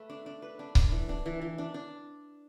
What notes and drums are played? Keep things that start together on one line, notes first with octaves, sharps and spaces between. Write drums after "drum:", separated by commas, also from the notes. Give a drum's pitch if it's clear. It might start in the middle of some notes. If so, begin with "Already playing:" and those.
Already playing: A3 B4
D4
D4
B4
D4
D4, drum: kick C#1
E3
D4
E3
E3
D4
D4